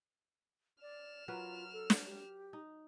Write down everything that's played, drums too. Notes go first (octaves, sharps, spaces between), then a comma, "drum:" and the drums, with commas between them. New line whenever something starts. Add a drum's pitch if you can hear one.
D5 F6 E7
F#3 F4 A#4 B4
A4
drum: snare
G4
D#4